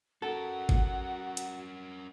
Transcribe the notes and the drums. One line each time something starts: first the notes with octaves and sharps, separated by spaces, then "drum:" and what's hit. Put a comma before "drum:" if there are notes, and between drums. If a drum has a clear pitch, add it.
C#4 F#4 A4 A#4 F#5
drum: kick
drum: hi-hat